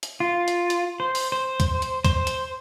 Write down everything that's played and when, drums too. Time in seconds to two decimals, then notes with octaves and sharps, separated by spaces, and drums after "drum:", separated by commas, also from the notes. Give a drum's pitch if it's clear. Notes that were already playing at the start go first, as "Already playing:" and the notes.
0.03 drum: hi-hat
0.20 F4
0.48 drum: hi-hat
0.70 drum: hi-hat
1.00 C5
1.15 drum: open hi-hat
1.32 C5
1.60 drum: kick D2, hi-hat
1.82 drum: hi-hat
2.05 C5, drum: kick D2, hi-hat
2.27 drum: hi-hat